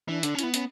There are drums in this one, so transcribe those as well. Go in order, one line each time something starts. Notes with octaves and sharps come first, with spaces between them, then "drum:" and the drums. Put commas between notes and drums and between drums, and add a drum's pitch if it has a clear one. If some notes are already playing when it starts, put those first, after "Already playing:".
E3 D4
D3 D4, drum: hi-hat
C#4
B3 E4, drum: hi-hat
C#4, drum: hi-hat